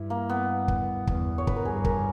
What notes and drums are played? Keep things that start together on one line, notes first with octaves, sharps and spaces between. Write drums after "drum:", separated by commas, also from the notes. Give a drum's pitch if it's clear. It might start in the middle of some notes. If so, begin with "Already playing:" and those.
Already playing: G2 E4
A#3
B3
drum: kick
E2, drum: kick
G2 C#5
B4, drum: kick
A#4
G2 G#4
A#4, drum: kick